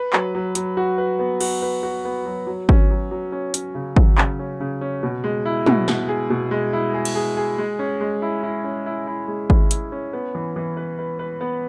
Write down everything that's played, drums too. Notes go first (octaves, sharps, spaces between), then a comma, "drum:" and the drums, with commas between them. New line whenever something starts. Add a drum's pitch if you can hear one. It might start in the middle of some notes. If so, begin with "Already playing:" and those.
Already playing: B4
F#3, drum: clap
F#3
F#3, drum: hi-hat
F#4
B4
B3
F#4, drum: cymbal
B4
F#4
B3
F#3
F#3
C#4, drum: kick G#1
F#3
F#3
C#4
C#4, drum: hi-hat
C#3
F#3, drum: kick G#1
C#3, drum: clap
C#4
C#3
C#4
B2
G#3
E4
B2, drum: tom
B2, drum: snare
G#4
B2
G#3
E4
G#4
drum: cymbal
G#4
G#4
G#3
C#4
G#3
E4
E4
C#4
E4
E4
G#3
E4, drum: kick G#1
E4, drum: hi-hat
C#4
B3
E3
E3
B4
B4
B4
B3